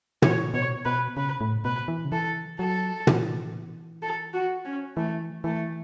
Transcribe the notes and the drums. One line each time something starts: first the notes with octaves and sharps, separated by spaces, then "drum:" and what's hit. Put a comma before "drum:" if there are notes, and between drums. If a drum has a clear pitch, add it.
E3 C#5, drum: tom
B2 C#5
B2 B4
C#3 B4
A2
B2 B4
E3
C#3
E3 A4
F#3 A4
E3, drum: tom
A4
F#4
C#4
E3 A3
E3 A3